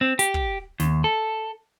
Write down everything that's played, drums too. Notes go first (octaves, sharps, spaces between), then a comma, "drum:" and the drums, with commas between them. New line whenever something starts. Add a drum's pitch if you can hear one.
C4
G4, drum: hi-hat
drum: kick
D#2, drum: snare
A4